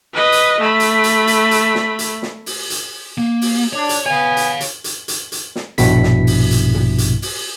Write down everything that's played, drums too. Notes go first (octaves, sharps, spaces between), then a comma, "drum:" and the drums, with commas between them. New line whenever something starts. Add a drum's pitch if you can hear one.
B4 D#5
drum: hi-hat
A3 B5
drum: hi-hat
drum: hi-hat
drum: hi-hat
drum: hi-hat
drum: snare
drum: hi-hat
drum: snare
drum: open hi-hat
drum: hi-hat
A#3
drum: open hi-hat
D4 C#5
drum: hi-hat
B3 C#5 F5 G#5
drum: hi-hat
drum: hi-hat
drum: hi-hat
drum: hi-hat
drum: hi-hat
drum: snare
A#1 G2 B2 E4 B6, drum: hi-hat
drum: snare
drum: open hi-hat
drum: hi-hat
drum: tom A#2
drum: hi-hat
drum: open hi-hat